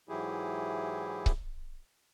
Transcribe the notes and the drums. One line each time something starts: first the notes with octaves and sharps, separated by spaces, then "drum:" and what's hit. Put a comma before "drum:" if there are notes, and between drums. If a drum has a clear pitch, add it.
G#2 E3 F#3 E4 G4 G#4
drum: kick C#1